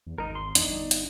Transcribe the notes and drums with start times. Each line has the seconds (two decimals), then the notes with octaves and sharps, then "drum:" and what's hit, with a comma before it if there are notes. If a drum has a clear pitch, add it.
0.06 E2
0.18 G#1 D#4 A#4
0.35 C6
0.55 E2 D4 D#4, drum: hi-hat
0.68 G1
0.91 drum: hi-hat